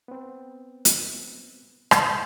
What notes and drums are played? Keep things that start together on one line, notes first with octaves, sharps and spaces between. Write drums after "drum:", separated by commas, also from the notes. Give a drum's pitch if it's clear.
B3 C4
drum: hi-hat
drum: rim click